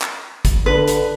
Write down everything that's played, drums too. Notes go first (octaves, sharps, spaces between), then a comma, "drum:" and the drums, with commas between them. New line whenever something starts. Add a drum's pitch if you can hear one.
drum: clap
drum: kick, hi-hat
D3 B4
drum: hi-hat